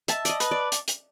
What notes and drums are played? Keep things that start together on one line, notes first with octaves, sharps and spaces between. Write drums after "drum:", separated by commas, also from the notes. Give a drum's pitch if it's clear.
E5 A5, drum: hi-hat
D5 D#5, drum: hi-hat
B4, drum: hi-hat
D5
drum: hi-hat
drum: hi-hat